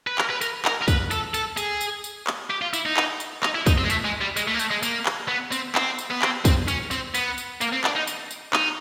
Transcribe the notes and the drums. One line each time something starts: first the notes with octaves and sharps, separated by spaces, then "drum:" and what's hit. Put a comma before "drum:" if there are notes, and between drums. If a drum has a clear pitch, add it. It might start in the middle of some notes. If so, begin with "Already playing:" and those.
B4
A#4, drum: clap
B4
A#4, drum: tambourine
A#4, drum: clap
A#4
B4, drum: kick, tambourine
A4, drum: tambourine
A4, drum: tambourine
G#4, drum: tambourine
drum: tambourine
drum: tambourine
drum: clap
G4
F4
E4, drum: tambourine
D#4
drum: clap
drum: tambourine
D#4, drum: clap
E4
D#4, drum: kick, tambourine
C4
G#3
A3, drum: tambourine
G#3
G3
G#3, drum: tambourine
A3
A#3
A3, drum: tambourine
G#3
A#3, drum: tambourine
drum: clap
B3
C4, drum: tambourine
C4, drum: clap
drum: tambourine
B3
C4, drum: clap
C4, drum: kick, tambourine
C#4, drum: tambourine
C4, drum: tambourine
B3, drum: tambourine
drum: tambourine
A#3, drum: tambourine
C4
D4, drum: clap
D#4
drum: tambourine
drum: tambourine
D#4, drum: clap